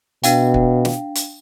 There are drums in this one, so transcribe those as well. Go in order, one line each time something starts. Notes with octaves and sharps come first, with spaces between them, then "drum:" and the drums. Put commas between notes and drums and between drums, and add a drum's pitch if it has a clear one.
B2 D4 F5 G5, drum: hi-hat
drum: kick
drum: snare
drum: hi-hat